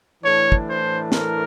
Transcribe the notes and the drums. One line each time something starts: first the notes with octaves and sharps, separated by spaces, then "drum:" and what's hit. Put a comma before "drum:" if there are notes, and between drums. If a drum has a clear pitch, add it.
A2 E3 A3 D4 C#5
drum: kick
C5
A#4, drum: snare